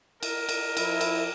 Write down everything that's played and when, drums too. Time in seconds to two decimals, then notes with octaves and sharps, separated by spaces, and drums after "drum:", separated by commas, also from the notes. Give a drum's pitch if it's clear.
0.23 A#4, drum: cymbal
0.49 drum: cymbal
0.77 F3 E4, drum: cymbal
1.01 drum: cymbal